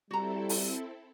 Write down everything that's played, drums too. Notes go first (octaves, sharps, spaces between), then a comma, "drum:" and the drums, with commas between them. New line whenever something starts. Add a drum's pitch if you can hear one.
G3 C4 E4 F#4 A4 A#5
drum: open hi-hat